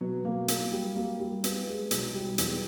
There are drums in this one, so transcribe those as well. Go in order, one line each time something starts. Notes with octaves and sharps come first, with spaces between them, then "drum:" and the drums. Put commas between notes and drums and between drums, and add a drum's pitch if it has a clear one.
B2 F#3
A#3
A#3, drum: hi-hat
G3
A#3
G3
B3, drum: hi-hat
G#3
B1 F#3, drum: hi-hat
G3
E2, drum: hi-hat